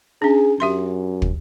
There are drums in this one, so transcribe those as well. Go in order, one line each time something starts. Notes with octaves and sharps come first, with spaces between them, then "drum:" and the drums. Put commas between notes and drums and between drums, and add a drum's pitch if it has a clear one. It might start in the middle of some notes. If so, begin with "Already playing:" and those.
C#4 D4 G#4
F#2 G4 E5 C6
drum: kick